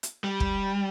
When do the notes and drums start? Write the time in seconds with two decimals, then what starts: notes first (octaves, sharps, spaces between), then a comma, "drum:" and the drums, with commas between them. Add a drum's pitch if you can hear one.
0.03 drum: hi-hat
0.24 G3
0.40 drum: kick